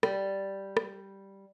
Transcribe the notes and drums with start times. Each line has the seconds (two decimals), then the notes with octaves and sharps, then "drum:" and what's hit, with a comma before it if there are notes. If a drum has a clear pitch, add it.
0.03 G3, drum: rim click
0.77 drum: rim click